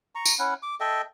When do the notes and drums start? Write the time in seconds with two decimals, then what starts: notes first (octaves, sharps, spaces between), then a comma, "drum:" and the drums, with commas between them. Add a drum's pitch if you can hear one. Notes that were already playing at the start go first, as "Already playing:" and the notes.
0.15 A#5 C#6
0.25 drum: tambourine
0.39 C#4 E4 F#5
0.63 D6
0.80 A4 D#5 E5 G5